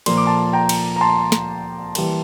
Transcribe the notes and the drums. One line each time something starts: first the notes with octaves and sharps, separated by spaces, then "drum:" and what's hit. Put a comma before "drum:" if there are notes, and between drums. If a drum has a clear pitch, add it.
A#2 F3 A#3 C6, drum: cymbal
D6
A5 C6
G5 A#5
drum: cymbal
A#5
A5 C6
drum: snare
E3 G3 A#3, drum: cymbal